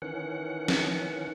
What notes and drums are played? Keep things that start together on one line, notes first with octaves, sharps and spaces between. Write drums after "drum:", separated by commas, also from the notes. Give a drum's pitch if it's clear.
D#3 E3 C#4 F#5
drum: snare